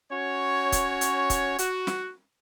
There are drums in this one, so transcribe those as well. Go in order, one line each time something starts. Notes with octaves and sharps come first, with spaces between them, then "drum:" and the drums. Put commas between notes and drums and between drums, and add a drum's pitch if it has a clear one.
C#4 F#4 C#5
drum: kick, hi-hat
drum: hi-hat
drum: kick, hi-hat
F#4, drum: hi-hat
drum: snare